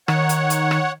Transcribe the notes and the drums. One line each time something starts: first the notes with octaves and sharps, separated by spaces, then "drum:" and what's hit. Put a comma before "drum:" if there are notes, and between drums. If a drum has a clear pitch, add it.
D#3 C#5 F#5, drum: rim click
drum: hi-hat
drum: hi-hat
drum: rim click